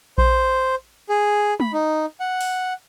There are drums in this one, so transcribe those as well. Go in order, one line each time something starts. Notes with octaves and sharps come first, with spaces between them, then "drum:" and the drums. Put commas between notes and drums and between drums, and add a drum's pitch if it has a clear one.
C5, drum: kick A#1
G#4
B5, drum: tom G#3
D#4
F#5
drum: open hi-hat